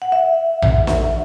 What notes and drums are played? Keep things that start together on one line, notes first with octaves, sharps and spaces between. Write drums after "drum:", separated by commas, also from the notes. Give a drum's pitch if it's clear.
F#5
E5
drum: tom A#1
drum: snare